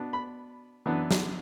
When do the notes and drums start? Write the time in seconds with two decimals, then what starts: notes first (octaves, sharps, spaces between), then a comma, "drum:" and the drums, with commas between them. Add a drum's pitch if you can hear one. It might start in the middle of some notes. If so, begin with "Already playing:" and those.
Already playing: B2 B3 D4
0.13 B5
0.86 F#2 E3 B3 D4
1.11 drum: snare